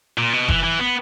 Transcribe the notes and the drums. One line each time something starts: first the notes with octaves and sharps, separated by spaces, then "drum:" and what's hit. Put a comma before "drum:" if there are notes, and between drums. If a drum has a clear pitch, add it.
A#2
B2
E3, drum: kick F1
E3
B3